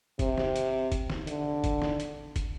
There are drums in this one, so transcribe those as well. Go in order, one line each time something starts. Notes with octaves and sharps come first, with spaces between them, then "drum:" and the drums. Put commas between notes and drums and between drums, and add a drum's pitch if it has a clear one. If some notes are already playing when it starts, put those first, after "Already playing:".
C3, drum: kick, hi-hat
drum: snare
drum: hi-hat
drum: kick, hi-hat
drum: snare
D3, drum: hi-hat
drum: kick, hi-hat
drum: snare
drum: hi-hat
drum: kick, hi-hat